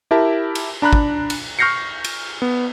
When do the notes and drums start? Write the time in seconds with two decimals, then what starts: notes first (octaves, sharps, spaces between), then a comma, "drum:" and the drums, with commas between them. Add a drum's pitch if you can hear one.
0.11 E4 G4 A#4 E5 A5
0.55 drum: cymbal
0.82 D4 A#5 B5 F#6
0.93 drum: kick
1.30 drum: cymbal
1.59 C#6 F6 G6 A#6 C7 C#7
2.04 drum: cymbal
2.42 B3